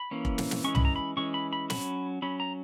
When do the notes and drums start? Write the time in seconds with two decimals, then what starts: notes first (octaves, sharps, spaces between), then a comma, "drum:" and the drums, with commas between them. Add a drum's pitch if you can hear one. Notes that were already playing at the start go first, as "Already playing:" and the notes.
Already playing: B5
0.11 E3 A#3 C#4
0.25 drum: kick F1
0.38 drum: snare
0.51 drum: snare
0.64 E3 G#3 C#4 C#6
0.75 B5, drum: tom C2
0.85 A#5
0.96 B5
1.17 E3 G#3 C#4 C#6
1.34 B5
1.53 B5
1.70 F#3 C#4 B5, drum: snare
2.22 F#3 C#4 B5
2.40 A#5